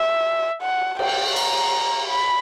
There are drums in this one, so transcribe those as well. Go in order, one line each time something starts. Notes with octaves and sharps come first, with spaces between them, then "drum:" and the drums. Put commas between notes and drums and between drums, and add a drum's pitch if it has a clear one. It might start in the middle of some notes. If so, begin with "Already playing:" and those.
Already playing: E5
F#5
G5, drum: cymbal
A#5, drum: cymbal
B5